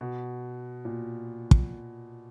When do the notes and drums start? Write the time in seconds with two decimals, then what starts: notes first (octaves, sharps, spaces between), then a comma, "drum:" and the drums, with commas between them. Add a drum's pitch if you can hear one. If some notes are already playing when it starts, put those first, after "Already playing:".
0.01 B2
0.85 A#2
1.51 drum: kick